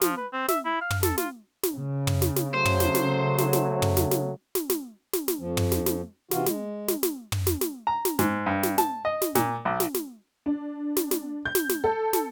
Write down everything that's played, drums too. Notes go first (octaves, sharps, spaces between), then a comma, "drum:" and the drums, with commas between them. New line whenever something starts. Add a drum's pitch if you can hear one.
F3, drum: snare
B4
C4
E5, drum: snare
E4
F5
drum: tom
A4, drum: snare
F4, drum: snare
drum: snare
C#3
drum: tom
drum: snare
drum: snare
F#3 A3 C5
drum: tom
drum: snare
drum: snare
drum: snare
drum: snare
drum: tom
drum: snare
drum: snare
drum: snare
drum: snare
drum: snare
drum: snare
F2 F3
drum: tom
drum: snare
drum: snare
C3 E3 F4 F#4, drum: snare
G#3, drum: snare
drum: snare
drum: snare
drum: tom
drum: snare
drum: snare
A#5
drum: snare
G#2, drum: snare
G2
drum: snare
A5, drum: snare
D#5
drum: snare
A#2, drum: snare
B1
drum: snare
drum: snare
D4
drum: snare
drum: snare
G6
drum: snare
drum: snare
A4
drum: snare